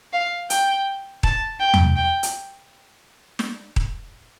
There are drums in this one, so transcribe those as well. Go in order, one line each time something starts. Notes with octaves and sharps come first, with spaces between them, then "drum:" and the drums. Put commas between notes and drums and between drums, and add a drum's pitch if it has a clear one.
F5
G5, drum: hi-hat
A5, drum: kick D#1
G5
drum: tom E2
G5
drum: hi-hat
drum: snare
drum: kick D#1